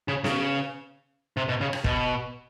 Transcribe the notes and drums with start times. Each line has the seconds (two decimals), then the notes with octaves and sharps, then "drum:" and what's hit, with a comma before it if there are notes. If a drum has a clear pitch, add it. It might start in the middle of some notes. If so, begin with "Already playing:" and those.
0.08 C#3
0.24 C#3, drum: snare B3
1.37 C3
1.49 B2
1.61 C#3
1.73 drum: rim click
1.84 B2, drum: kick